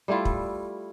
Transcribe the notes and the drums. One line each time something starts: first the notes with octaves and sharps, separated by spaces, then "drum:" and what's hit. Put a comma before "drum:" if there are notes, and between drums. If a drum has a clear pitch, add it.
G3 A3 E4 F4
drum: kick